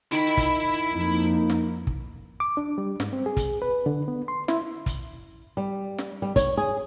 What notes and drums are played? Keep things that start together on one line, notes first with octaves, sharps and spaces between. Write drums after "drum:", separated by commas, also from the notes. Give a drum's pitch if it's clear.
D#3 E4 B5
drum: kick, hi-hat
F2 A#3 D#4
drum: snare
drum: kick
D6
D4
G3
G#2, drum: snare
C4
G#4
drum: kick, hi-hat
B4
D3
B3
C6
E4, drum: snare
drum: kick, hi-hat
G3
drum: snare
G3
C#5, drum: kick, hi-hat
G#4